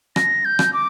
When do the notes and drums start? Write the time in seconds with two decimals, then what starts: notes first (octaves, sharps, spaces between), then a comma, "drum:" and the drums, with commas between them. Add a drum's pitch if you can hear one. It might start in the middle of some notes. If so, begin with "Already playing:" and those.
0.16 A#6, drum: rim click
0.45 G6
0.59 drum: rim click
0.73 D6